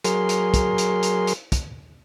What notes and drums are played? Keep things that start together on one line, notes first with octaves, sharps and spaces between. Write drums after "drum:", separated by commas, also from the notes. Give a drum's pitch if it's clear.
F#3 G#4 A#4 C6, drum: hi-hat
drum: hi-hat
drum: kick, hi-hat
drum: hi-hat
drum: hi-hat
drum: hi-hat
drum: kick, hi-hat